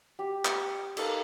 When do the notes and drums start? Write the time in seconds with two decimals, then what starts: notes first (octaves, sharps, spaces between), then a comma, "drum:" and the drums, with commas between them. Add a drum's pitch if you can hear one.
0.19 G4
0.45 drum: clap
0.97 D#4 A4 A#4 F5, drum: cymbal